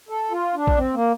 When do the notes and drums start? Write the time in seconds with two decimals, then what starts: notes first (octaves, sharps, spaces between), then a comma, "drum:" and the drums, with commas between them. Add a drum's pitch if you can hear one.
0.09 A4
0.31 F4
0.55 D4
0.67 drum: kick
0.77 C4
0.94 A#3